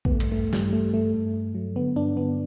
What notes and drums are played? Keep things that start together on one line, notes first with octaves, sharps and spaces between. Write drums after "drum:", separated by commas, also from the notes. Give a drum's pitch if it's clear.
B3, drum: kick A#1
G2 A3
drum: cymbal
G2 A3
G2 G3, drum: snare
G2 A3
G2 A3
G2
G2
F#3
D3 B3
G2 D4
D3 B3